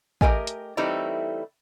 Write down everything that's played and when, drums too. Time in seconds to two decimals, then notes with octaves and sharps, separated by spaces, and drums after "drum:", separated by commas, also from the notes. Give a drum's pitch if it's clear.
0.21 A3 G4 A#4 D#5 G#5, drum: kick
0.47 drum: hi-hat
0.77 E3 G3 A3 C4 D#4 E4